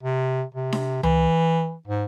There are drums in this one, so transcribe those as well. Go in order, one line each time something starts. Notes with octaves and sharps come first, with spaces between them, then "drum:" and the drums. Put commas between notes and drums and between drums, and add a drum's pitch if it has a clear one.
C3
C3
drum: snare D4
E3, drum: tom C#2
G#2